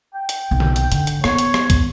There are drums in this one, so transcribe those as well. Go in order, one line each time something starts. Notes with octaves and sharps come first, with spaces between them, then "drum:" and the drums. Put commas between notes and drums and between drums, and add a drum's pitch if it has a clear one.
G5
drum: hi-hat
B1
drum: tom C#3
drum: hi-hat
D3, drum: hi-hat
drum: hi-hat
B3 C#5, drum: rim click
drum: hi-hat
drum: rim click
drum: kick, hi-hat